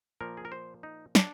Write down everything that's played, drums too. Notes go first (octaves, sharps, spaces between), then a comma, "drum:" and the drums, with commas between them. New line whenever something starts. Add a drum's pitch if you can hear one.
A#2 F3 A#3 A#4
G#4
A#4
C5
D#4
D4, drum: snare